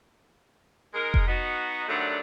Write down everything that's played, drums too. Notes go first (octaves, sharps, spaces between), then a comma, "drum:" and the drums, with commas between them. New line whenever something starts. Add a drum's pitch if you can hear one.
G#3 D#4 G#4 A#4
drum: kick F1
B3 D#4 F#4
D3 D#3 F#3 G3 A3 D4